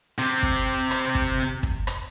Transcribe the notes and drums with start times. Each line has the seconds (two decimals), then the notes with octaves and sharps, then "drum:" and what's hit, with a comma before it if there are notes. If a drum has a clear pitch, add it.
0.19 C3 G4
0.43 drum: kick
0.91 drum: rim click
1.15 drum: kick
1.63 drum: kick
1.87 drum: rim click